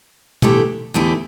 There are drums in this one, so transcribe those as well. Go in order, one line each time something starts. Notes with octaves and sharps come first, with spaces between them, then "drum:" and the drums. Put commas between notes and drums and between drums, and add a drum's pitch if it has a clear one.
E2 D3 A3 E4 G4, drum: tom B2
E2 D3 A3 E4 G4